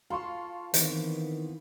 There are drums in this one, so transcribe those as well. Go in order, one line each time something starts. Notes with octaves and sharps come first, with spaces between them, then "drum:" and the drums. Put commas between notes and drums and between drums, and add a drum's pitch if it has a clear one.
F4 A4 F5 C6 C#6
D#3 E3 B3 C4, drum: hi-hat